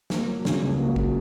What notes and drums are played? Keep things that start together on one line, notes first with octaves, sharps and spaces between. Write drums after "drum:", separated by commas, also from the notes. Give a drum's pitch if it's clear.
A#3, drum: snare
F#3
C#3, drum: snare
C#2
A#3 F#4
F#3, drum: kick